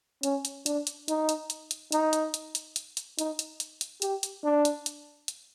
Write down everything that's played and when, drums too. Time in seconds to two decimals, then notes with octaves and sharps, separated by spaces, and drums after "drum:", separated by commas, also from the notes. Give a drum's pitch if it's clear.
0.23 C#4, drum: hi-hat
0.45 drum: hi-hat
0.66 D4, drum: hi-hat
0.87 drum: hi-hat
1.08 D#4, drum: hi-hat
1.29 drum: hi-hat
1.50 drum: hi-hat
1.71 drum: hi-hat
1.92 D#4, drum: hi-hat
2.13 drum: hi-hat
2.34 drum: hi-hat
2.55 drum: hi-hat
2.76 drum: hi-hat
2.97 drum: hi-hat
3.19 D#4, drum: hi-hat
3.39 drum: hi-hat
3.60 drum: hi-hat
3.81 drum: hi-hat
4.02 G4, drum: hi-hat
4.23 drum: hi-hat
4.44 D4
4.65 drum: hi-hat
4.86 drum: hi-hat
5.28 drum: hi-hat